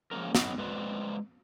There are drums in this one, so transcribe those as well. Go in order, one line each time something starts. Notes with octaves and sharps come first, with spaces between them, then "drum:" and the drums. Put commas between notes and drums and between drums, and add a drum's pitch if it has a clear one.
F3 G#3 A#3 C#4 A#4
F#3 B3 D#4, drum: snare
G#3 B4 C5 D5